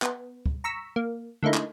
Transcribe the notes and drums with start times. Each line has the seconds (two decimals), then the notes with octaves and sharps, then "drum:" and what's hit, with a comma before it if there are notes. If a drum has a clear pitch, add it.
0.02 B3, drum: clap
0.46 drum: kick
0.64 A#5 C#6 E6 B6
0.96 A#3
1.43 D3 A3 A#3 D#4 E4
1.54 drum: clap